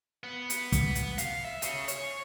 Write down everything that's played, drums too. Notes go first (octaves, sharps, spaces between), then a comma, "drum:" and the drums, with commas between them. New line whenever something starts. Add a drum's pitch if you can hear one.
B3
drum: hi-hat
drum: kick, hi-hat
drum: hi-hat
F5, drum: hi-hat
E5
G#4 C#5, drum: hi-hat
C#5, drum: hi-hat